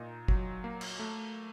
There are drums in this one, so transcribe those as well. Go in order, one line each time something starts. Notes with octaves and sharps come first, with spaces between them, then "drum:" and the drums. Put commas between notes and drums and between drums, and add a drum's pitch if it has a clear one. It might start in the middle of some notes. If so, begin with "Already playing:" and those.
Already playing: A#2 D#4
F#3, drum: kick
A#3
drum: cymbal
A3